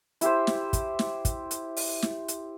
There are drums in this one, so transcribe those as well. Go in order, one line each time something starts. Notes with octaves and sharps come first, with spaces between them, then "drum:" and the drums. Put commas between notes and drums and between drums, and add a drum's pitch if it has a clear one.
E4 G4 C5, drum: hi-hat
drum: snare
drum: kick, hi-hat
drum: snare
drum: kick, hi-hat
drum: hi-hat
drum: open hi-hat
drum: snare
drum: hi-hat